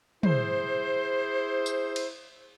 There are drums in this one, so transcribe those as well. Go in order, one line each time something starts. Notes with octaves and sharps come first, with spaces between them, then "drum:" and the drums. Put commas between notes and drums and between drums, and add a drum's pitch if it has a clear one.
E4 G#4 C5, drum: tom
drum: tambourine
drum: cymbal